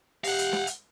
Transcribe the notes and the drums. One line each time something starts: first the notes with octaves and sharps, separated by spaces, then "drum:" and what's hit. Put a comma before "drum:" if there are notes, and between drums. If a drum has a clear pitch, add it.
G4 F5 F#5, drum: open hi-hat
drum: hi-hat
drum: snare
drum: hi-hat